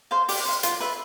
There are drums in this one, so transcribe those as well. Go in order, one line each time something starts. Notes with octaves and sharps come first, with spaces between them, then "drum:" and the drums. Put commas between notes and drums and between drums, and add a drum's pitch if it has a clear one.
C5 F5
G4, drum: open hi-hat
C5 F5
F4, drum: hi-hat
B4 E5